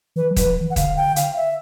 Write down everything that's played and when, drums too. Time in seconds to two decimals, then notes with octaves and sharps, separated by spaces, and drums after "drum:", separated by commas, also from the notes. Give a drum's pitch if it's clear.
0.16 E3 B4
0.31 F#3
0.37 B4, drum: kick, hi-hat
0.46 F3
0.61 E3
0.70 F#5
0.76 D3 F5, drum: kick, hi-hat
0.97 G5
1.16 F5, drum: hi-hat
1.36 E5